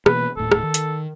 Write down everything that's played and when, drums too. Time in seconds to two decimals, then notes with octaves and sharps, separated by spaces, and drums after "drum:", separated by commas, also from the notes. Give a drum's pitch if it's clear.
0.06 B2 E3 A#3 B4, drum: rim click
0.37 D#1 A2 A4
0.52 drum: rim click
0.63 D#3
0.74 drum: hi-hat